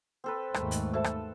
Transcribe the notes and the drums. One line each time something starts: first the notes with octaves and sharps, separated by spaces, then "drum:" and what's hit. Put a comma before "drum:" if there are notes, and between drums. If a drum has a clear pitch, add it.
C4 A4 B4
D#2 G#2 A3, drum: rim click
drum: hi-hat
F#4 A4 C5 E5 A5
drum: rim click